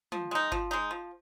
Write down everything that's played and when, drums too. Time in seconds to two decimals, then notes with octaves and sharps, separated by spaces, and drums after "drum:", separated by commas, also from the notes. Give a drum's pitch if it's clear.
0.12 F3, drum: tom
0.31 G#3 D#4
0.52 F3, drum: kick G1
0.71 G#3 D#4
0.91 F3